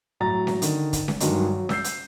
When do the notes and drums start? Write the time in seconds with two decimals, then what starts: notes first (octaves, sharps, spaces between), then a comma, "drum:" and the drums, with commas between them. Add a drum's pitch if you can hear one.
0.20 A2 F#3 A#5 A6
0.47 drum: snare C#4
0.62 D3 D#3, drum: hi-hat
0.93 drum: kick, hi-hat
1.08 drum: snare C#4
1.20 G2 D#3 F#3 G#3, drum: hi-hat
1.47 F#3
1.69 E6 G6 C7, drum: snare C#4
1.84 drum: hi-hat